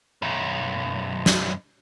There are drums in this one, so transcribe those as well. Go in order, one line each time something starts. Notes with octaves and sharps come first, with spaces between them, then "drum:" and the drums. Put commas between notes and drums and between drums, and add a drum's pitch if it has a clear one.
B1 F#2
drum: snare